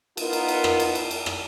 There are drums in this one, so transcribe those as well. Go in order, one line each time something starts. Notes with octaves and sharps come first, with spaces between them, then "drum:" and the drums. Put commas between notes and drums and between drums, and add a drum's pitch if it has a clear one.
B3 D#4 F4 A#4, drum: cymbal
drum: cymbal
drum: cymbal
drum: rim click
drum: cymbal
drum: cymbal
drum: cymbal
drum: rim click